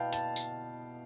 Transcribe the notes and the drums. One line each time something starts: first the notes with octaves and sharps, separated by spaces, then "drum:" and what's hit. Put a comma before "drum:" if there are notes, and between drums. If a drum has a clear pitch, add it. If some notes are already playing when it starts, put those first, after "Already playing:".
Already playing: B2 B3 E4 F5 G5 A5
A5, drum: hi-hat
drum: tambourine